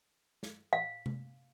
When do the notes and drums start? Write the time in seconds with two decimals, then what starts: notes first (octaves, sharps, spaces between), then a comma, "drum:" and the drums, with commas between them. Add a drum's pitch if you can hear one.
0.43 drum: snare
0.73 F5
1.06 drum: tom C3